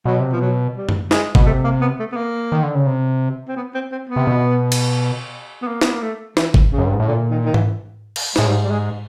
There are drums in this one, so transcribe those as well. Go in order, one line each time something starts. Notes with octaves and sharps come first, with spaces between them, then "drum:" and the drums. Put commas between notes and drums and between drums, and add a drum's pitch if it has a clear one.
B2 F#3
C3
B2 F3
F#3
G3
drum: tom F#2
G#3, drum: snare
B2, drum: kick G#1
C3 A3
A#3
B3
A3
B3
A#3
D#3
D3
C#3
C3
C4
B3
C4
C4
B3
C3
B2
drum: cymbal
B3
A#3
B3, drum: snare
A#3
A3
E3, drum: snare
drum: kick G#1
C#3
F#2
G2
G#2
A2
A#2 D3
D#3
D#3
E3, drum: tom G#2
drum: cymbal
A2 G#3, drum: snare
G#2 G3
G3
G#3